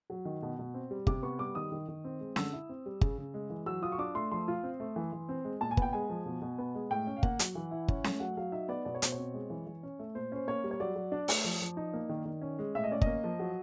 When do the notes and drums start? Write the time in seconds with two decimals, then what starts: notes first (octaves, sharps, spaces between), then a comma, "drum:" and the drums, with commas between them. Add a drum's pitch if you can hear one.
0.10 F#3
0.25 D#3
0.42 B2
0.59 B2
0.74 C4
0.91 G3
1.07 C3 D6, drum: kick G1
1.23 B3 C#6
1.39 G3 D6
1.55 D#3 D#6
1.72 D#3
1.88 D#3
2.04 C4
2.20 G#3
2.36 D3 E6, drum: snare C#4
2.53 E4
2.69 C4
2.86 G3
3.01 C#3, drum: kick G1
3.18 C#3
3.34 G#3
3.50 E3
3.66 F#3 E6
3.82 F4 D#6
3.92 C#6
3.98 D4 D6
4.15 A3 C6
4.31 F3 C6
4.48 F4
4.63 C4
4.80 A3
4.96 E3
5.13 E3
5.29 C4
5.44 G#3
5.61 A#2 A5
5.71 G#5
5.77 B3 G5, drum: kick G1
5.93 G#3 G#5
6.10 F3
6.26 B2
6.42 B2
6.58 B3
6.75 G#3
6.90 A2 G5
7.07 C#4
7.17 F5
7.23 A#3 F#5, drum: kick G1
7.39 F#3, drum: hi-hat
7.55 E3
7.71 E4
7.88 C#4, drum: kick G1
8.04 A3, drum: snare C#4
8.20 F#3 F#5
8.37 F#3 F5
8.52 D#4 E5
8.68 B3 D5
8.85 B2 D5
8.95 C#5
9.02 B2 C5, drum: hi-hat
9.12 C#5
9.18 C4
9.34 G#3
9.50 E3
9.67 E3
9.83 C#4
9.99 A3
10.15 A#2 C5
10.32 C#4 C5
10.47 A#3 C#5
10.64 G3
10.71 C#5
10.80 F#3 D5
10.96 F#3
11.12 D4
11.28 A3, drum: open hi-hat
11.44 F3
11.61 F3
11.77 D#4
11.94 A#3
12.09 D#3
12.25 D#3
12.42 C#4
12.59 G#3
12.75 A2 E5
12.84 D#5
12.91 C#4 D5
13.02 D#5, drum: kick G1
13.07 A#3
13.24 F3
13.39 F#3